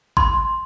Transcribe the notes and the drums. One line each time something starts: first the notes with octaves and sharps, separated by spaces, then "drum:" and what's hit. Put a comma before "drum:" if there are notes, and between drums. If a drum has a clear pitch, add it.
C6, drum: kick G#1